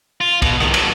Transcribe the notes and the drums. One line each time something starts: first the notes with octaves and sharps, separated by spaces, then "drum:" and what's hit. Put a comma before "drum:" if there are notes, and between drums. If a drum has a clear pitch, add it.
F4
B2, drum: kick, cymbal
A2 D#3, drum: rim click
F#3 A4, drum: cymbal